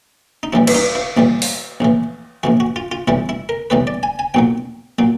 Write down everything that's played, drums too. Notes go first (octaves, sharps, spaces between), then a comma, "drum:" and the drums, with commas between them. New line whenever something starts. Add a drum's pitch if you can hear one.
D#4
A#1 A2 E3 G3 E4
E4, drum: cymbal
D#4
E4
A#1 A2 E3 G3
drum: open hi-hat
A#1 A2 E3
A#1 A2 E3 F#4
F#4
F4
F4
B1 A2 E3 G3 E4
E4
A#4
B1 A2 E3 G3 B4
D5
G#5
G#5
B1 A#2 F#3 G5
A#2 F#3